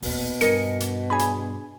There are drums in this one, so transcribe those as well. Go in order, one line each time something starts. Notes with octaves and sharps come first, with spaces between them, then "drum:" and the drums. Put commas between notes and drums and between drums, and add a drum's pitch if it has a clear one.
D#1 D#2 B2, drum: open hi-hat
G2 A#4 D#5 G#5 C#7, drum: hi-hat
drum: hi-hat
D4 G#4 C#5 G#5 B5
drum: hi-hat